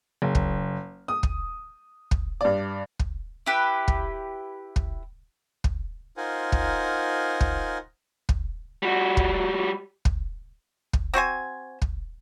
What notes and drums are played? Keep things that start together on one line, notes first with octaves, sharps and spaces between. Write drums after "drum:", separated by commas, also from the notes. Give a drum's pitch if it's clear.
F#1
drum: kick
D#6
drum: kick
drum: kick
G2 D5
drum: kick
E4 G4 B4
drum: kick
drum: kick
drum: kick
D#4 F4 A#4 C5 F#5 G#5
drum: kick
drum: kick
drum: kick
G3 F#4
drum: kick
drum: kick
drum: kick
C4 F#4 C5 G#5
drum: kick